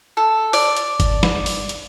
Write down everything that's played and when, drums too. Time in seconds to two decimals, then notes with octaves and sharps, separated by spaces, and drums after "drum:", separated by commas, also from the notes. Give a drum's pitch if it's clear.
0.17 A4
0.53 D5, drum: open hi-hat
0.76 drum: hi-hat
1.00 drum: kick G1, hi-hat
1.23 drum: snare
1.46 drum: open hi-hat
1.69 drum: hi-hat